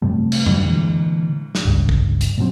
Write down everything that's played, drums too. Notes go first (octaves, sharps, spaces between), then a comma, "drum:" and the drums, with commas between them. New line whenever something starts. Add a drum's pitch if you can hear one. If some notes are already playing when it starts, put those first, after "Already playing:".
F#2 C3 G3 A3
drum: cymbal
F2 D3 F#3 G3, drum: tom F#2
A#2 D3 E3 G#3
drum: snare
G1 C#2 G2
drum: kick
drum: hi-hat
A#2 F3 F#3 C4